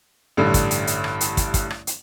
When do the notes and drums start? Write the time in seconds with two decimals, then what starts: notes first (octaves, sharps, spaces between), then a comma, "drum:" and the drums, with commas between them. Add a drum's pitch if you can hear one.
0.37 A1 G2 D3
0.54 drum: kick, hi-hat
0.71 drum: hi-hat
0.87 drum: hi-hat
1.04 drum: rim click
1.21 drum: hi-hat
1.37 drum: kick, hi-hat
1.54 drum: kick, hi-hat
1.70 drum: rim click
1.87 drum: hi-hat